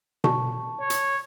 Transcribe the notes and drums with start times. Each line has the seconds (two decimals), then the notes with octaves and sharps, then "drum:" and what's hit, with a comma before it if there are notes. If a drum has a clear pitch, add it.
0.24 A5 C#6, drum: tom B2
0.80 C#5
0.90 drum: hi-hat